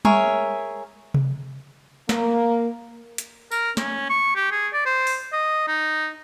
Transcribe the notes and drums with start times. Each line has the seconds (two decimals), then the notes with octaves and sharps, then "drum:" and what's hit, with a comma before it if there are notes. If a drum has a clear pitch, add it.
0.05 G#4 A#4 C#5 E5, drum: tom G3
1.14 drum: tom C3
2.09 A#3, drum: snare
3.18 drum: hi-hat
3.51 A#4, drum: tambourine
3.77 C#4, drum: snare
4.10 C#6
4.35 G4
4.51 G#4
4.73 D5
4.86 C5
5.07 drum: open hi-hat
5.33 D#5
5.68 D#4